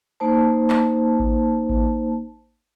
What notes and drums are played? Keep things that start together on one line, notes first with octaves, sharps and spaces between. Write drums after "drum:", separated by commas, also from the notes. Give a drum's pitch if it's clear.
A#3 D#4 C5 A5
drum: clap
drum: kick A1
drum: kick A1